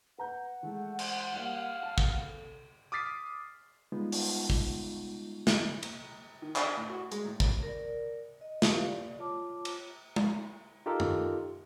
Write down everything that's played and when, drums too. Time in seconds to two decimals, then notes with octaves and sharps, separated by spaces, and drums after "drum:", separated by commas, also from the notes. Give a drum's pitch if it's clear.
0.18 B4 F#5 A#5 G6
0.63 E3 G#3 A3 G#4
0.99 C5, drum: cymbal
1.34 G3 A#3 F5
1.83 A5
1.98 drum: kick
2.21 A4
2.92 D6 D#6 F6 A6 B6 C7
3.92 G3 G#3 B3 D#4 F4
4.12 drum: open hi-hat
4.50 drum: kick
5.47 drum: snare
5.83 drum: cymbal
6.42 D#3
6.56 D4, drum: clap
6.77 A2
6.90 F#4
7.12 G#3, drum: hi-hat
7.25 A2
7.40 C#2, drum: kick
7.63 A#4 D5
8.41 D#5
8.62 F4 G4 B4 F5, drum: snare
8.87 D5
9.19 F4 C#5 A5 D6
9.65 drum: cymbal
10.16 drum: tom G#3
10.86 D#4 F4 G4 A4 A#4
11.00 drum: tom F#2